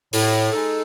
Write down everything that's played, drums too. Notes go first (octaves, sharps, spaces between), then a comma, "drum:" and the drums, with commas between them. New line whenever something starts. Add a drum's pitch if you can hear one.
A2, drum: open hi-hat
G#3 D#4 A4